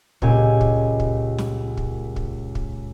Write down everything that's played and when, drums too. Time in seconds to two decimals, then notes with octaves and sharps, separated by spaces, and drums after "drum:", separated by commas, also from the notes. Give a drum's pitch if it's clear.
0.22 C#2 A#2 G4 G#5, drum: kick
0.61 drum: kick
1.00 drum: kick
1.38 drum: snare
1.77 drum: kick
2.16 drum: kick
2.55 drum: kick